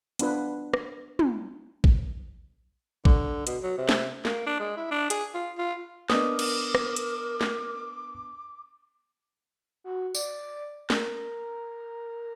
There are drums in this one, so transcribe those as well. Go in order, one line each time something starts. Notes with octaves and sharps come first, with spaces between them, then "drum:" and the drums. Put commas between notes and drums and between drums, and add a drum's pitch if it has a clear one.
B3 D4 F4 B4, drum: hi-hat
drum: rim click
drum: tom
drum: kick A1
D3, drum: kick A1
B2, drum: hi-hat
F#3
C3
drum: snare
A#3, drum: snare
D4
G#3
E4
D4
G#4, drum: hi-hat
F4
F4
B3 D4 A#4 D#5 D6 D#6, drum: snare
drum: cymbal
drum: rim click
drum: hi-hat
drum: snare
F#4
D5, drum: tambourine
A#4, drum: snare